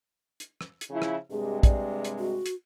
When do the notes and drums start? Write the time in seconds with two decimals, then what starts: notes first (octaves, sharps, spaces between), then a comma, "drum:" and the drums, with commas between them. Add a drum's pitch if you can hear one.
0.40 drum: hi-hat
0.61 drum: rim click
0.81 drum: hi-hat
0.91 C#3 F3 E4
1.02 drum: rim click
1.31 G2 C3 G#3 G#4
1.63 D5, drum: kick, hi-hat
2.04 drum: hi-hat
2.19 F#4
2.46 drum: hi-hat